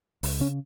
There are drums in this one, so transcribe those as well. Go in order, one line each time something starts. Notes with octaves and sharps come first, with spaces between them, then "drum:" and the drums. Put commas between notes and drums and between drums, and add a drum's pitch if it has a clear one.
C#2, drum: open hi-hat
C#3 C#4